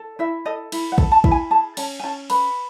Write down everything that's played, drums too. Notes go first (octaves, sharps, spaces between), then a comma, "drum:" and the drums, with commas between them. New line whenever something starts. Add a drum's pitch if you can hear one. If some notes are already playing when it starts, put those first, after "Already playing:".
Already playing: A4
E4 E5
A4 D#5
E4, drum: cymbal
F#5
A4, drum: kick
A5
E4, drum: kick
G#5
G#4 A5
C#4 A5, drum: cymbal
G#5
C#4 A5
B4 B5, drum: cymbal